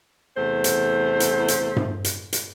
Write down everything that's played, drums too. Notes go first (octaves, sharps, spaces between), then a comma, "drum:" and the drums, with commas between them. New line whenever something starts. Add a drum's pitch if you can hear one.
E2 C3 A3 C5
drum: hi-hat
drum: hi-hat
drum: hi-hat
drum: tom G2
drum: hi-hat
drum: hi-hat